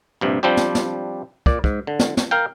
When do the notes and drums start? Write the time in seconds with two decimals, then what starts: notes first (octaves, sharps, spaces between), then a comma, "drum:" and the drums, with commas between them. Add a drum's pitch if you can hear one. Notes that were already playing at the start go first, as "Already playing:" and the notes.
0.21 A#1 G2 C3
0.43 F3 G3 C4 D4 G4
0.57 drum: snare
0.75 drum: snare
1.46 A#2 D5, drum: kick
1.64 G#2, drum: kick
1.87 D3
1.99 drum: snare
2.17 drum: snare
2.31 A#4 F5 G5